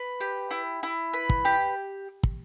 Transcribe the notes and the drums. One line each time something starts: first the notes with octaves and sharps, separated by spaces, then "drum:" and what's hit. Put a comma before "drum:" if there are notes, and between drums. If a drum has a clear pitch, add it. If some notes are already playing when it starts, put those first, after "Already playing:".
Already playing: B4
G4
E4
E4
B4
drum: kick
G4
drum: kick